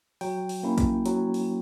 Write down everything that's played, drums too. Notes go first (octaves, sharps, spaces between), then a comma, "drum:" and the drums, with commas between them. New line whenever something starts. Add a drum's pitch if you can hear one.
F#3 G5, drum: open hi-hat
drum: open hi-hat
A#3 C#4 E4
drum: kick, hi-hat
F#3, drum: hi-hat
drum: open hi-hat